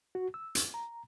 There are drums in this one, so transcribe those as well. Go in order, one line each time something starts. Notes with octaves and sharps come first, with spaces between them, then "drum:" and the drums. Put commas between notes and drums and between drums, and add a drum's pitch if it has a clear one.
F#4
E6
drum: hi-hat
A#5